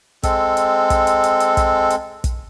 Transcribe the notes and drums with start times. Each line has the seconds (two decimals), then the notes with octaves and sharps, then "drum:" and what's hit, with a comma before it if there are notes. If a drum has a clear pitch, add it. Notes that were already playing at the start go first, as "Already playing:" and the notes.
0.23 G#3 C4 A4, drum: kick, hi-hat
0.57 drum: hi-hat
0.90 drum: kick, hi-hat
1.07 drum: hi-hat
1.24 drum: hi-hat
1.40 drum: hi-hat
1.57 drum: kick, hi-hat
1.90 drum: hi-hat
2.24 drum: kick, hi-hat